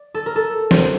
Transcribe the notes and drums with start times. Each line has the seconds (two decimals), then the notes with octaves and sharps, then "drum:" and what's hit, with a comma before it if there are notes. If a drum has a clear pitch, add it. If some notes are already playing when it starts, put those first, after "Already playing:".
Already playing: D5
0.14 A4
0.26 A#4
0.36 A4
0.71 C5, drum: snare